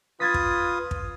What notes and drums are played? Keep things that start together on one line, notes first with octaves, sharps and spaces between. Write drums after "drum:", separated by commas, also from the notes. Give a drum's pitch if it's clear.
F4 B4 D#6 G#6 A6 B6
drum: kick
drum: kick